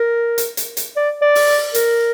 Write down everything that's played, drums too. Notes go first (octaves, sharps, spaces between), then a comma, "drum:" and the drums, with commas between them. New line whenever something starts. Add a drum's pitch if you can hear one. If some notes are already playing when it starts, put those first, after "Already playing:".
Already playing: A#4
drum: hi-hat
drum: hi-hat
drum: hi-hat
D5
D5
drum: open hi-hat
A#4, drum: hi-hat